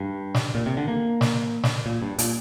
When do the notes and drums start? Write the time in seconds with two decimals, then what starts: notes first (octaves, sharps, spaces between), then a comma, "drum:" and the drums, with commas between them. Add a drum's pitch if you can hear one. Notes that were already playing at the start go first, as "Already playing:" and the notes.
Already playing: G2
0.34 drum: snare
0.55 A#2
0.66 C3
0.77 D3
0.88 A#3
1.21 drum: snare
1.63 drum: snare
1.86 A#2
2.02 G2
2.18 A#2, drum: hi-hat